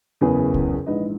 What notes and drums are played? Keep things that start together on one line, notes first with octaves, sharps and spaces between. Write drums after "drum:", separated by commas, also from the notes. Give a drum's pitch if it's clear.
F#1 E2 C#3 E3 G#4 B4
drum: kick C2
A#1 G#2 E3 B4 D#5